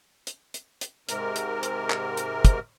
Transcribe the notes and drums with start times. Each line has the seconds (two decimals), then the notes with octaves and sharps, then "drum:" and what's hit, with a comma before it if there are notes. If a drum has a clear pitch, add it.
0.27 drum: hi-hat
0.54 drum: hi-hat
0.81 drum: hi-hat
1.09 G#2 C3 A#4, drum: hi-hat
1.36 drum: hi-hat
1.63 drum: hi-hat
1.90 drum: clap
2.17 drum: hi-hat
2.45 drum: kick, hi-hat